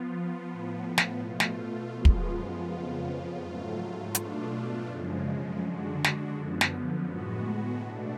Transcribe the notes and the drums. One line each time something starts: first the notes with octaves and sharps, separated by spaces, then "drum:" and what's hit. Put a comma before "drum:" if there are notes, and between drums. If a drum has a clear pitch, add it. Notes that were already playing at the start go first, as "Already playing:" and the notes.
Already playing: F3 B3 F4
A2 F3 B3
drum: snare
B2 A3 F4
drum: snare
F#2 F3 G#3 B3 F4
drum: kick
F2 C#3 F3 B3 F4
G#2 F#3 A3 F4
B2 A3 D4 F4, drum: hi-hat
F#2 C#3 F3 G#3
D3 G#3 D4 F#4
drum: snare
F#2 D3 F3 B3
drum: snare
A2 G#3 B3 F#4
B2 A3 D4